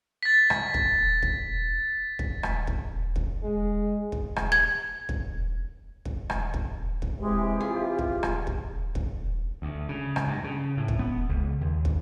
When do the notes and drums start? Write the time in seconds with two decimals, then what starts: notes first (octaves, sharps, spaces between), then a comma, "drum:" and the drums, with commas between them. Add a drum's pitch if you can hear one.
0.23 A6 B6
0.50 drum: rim click
0.74 drum: kick
1.22 drum: kick
2.19 drum: kick
2.43 drum: rim click
2.67 drum: kick
2.95 E1
3.16 drum: kick
3.43 G#3
4.12 drum: kick
4.36 drum: rim click
4.52 G#6
5.09 drum: kick
6.05 drum: kick
6.30 drum: rim click
6.54 drum: kick
7.02 drum: kick
7.19 C3 E3 G#3 G4
7.61 F4 G#4
7.99 drum: kick
8.23 drum: rim click
8.47 drum: kick
8.95 drum: kick
9.62 D2
9.89 C#3
10.16 drum: rim click
10.28 G2
10.44 C#3
10.77 A2
10.88 drum: kick
10.99 B3
11.29 C#2
11.61 D#2
11.85 drum: kick